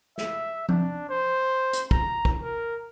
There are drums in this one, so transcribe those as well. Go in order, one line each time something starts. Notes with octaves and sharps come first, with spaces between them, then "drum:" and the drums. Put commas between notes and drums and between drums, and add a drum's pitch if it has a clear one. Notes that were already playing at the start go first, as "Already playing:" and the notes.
E5, drum: snare
D4, drum: tom F3
C5
drum: hi-hat
A#5, drum: kick
drum: kick
A#4